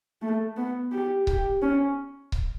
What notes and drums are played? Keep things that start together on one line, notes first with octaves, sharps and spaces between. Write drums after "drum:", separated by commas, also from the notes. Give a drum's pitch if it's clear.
A3
B3
G4
G4, drum: kick C#1
C#4
drum: kick C#1